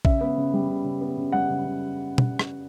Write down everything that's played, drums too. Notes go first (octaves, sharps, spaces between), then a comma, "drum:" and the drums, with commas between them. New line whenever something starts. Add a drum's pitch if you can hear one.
C#3 E5, drum: kick A#1
B3
C#3
G3
C#3
C#3
B3
C#3
G3 F#5
C#3
C#3
drum: tom
drum: rim click